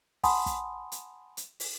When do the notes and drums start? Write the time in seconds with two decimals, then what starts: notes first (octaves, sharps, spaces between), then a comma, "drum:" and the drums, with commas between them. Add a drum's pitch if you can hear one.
0.23 F#5 G#5 A5 B5 C6 D#6, drum: kick, open hi-hat
0.46 drum: kick, hi-hat
0.92 drum: hi-hat
1.37 drum: hi-hat
1.60 drum: open hi-hat